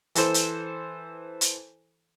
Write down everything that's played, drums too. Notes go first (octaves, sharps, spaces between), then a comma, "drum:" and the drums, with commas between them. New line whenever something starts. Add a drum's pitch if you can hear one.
E3 A4 C5, drum: hi-hat
drum: hi-hat
drum: hi-hat